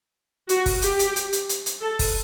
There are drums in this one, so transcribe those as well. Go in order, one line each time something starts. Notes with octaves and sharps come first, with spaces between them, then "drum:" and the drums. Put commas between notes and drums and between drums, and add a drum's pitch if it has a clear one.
F#4, drum: hi-hat
drum: kick, open hi-hat
G4, drum: hi-hat
drum: hi-hat
drum: hi-hat
drum: hi-hat
drum: hi-hat
drum: hi-hat
A4
drum: kick, open hi-hat